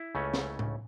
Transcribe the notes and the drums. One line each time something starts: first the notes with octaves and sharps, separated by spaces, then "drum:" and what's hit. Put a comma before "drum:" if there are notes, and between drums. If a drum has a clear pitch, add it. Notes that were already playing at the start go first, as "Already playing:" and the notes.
Already playing: E4
C#2 C#3 A3 C#4
drum: snare
drum: tom A2